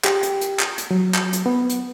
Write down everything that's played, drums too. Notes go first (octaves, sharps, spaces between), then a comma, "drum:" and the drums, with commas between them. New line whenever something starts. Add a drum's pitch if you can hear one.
G4, drum: clap
drum: hi-hat
drum: hi-hat
drum: clap
drum: hi-hat
F#3
drum: clap
drum: hi-hat
B3
drum: hi-hat